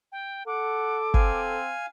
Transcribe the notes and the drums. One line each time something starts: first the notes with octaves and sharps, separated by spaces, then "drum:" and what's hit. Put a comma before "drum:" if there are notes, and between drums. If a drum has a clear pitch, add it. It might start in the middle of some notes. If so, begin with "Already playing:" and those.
G5
A4 F#5 D6
C4 F5 G#5, drum: kick